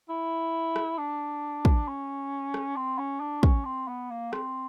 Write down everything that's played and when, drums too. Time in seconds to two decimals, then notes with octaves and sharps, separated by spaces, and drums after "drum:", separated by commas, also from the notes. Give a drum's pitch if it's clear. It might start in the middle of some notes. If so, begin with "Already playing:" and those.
0.09 E4
0.76 drum: rim click
0.98 D4
1.65 drum: kick
1.88 C#4
2.54 drum: rim click
2.76 C4
2.99 C#4
3.20 D4
3.43 C#4, drum: kick
3.65 C4
3.88 B3
4.11 A#3
4.33 C4, drum: rim click